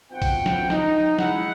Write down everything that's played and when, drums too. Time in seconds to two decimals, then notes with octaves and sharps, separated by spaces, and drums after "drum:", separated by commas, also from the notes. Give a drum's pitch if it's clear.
0.12 B1 C4 F4 F#5 G5
0.22 drum: kick, open hi-hat
0.46 drum: snare
0.70 D#4, drum: snare
1.19 G#3 E4 F#5, drum: snare